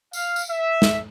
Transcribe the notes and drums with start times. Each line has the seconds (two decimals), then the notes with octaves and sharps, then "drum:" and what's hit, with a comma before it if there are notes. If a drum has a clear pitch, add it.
0.13 F5, drum: tambourine
0.36 drum: tambourine
0.50 E5
0.82 drum: snare